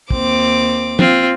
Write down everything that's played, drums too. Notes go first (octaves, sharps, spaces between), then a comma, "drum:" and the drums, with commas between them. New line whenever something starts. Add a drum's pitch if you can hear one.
D#2 C4 D6, drum: kick
C4 F4, drum: tom